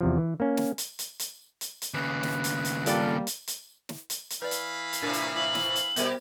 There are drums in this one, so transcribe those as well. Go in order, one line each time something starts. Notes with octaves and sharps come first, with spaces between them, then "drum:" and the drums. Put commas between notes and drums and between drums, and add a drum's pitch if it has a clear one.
E2 C3 F3
E3
A#3 C#4
drum: snare
drum: hi-hat
drum: hi-hat
drum: hi-hat
drum: hi-hat
drum: hi-hat
D#2 C#3 B4
drum: snare
drum: hi-hat
drum: hi-hat
G3 A#3 F4 A4 D5, drum: hi-hat
drum: hi-hat
drum: hi-hat
drum: snare
drum: hi-hat
drum: hi-hat
E3 B4 D5 F5 B5
drum: hi-hat
drum: hi-hat
A2 C3 D4 A#4
drum: hi-hat
F#7
drum: snare
drum: hi-hat
B2 G3 B3 G4 A#4 C5, drum: hi-hat